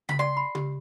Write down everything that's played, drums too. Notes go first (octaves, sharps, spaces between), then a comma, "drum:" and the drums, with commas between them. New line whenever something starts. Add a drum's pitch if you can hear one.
B5, drum: tom C#3
D5 C6
B5
G4, drum: tom C#3